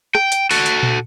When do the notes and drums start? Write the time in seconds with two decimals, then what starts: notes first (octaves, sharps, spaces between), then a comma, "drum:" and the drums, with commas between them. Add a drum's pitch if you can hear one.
0.15 G5, drum: rim click
0.32 drum: hi-hat
0.51 F#4 A4, drum: open hi-hat
0.66 drum: hi-hat
0.83 drum: tom A#2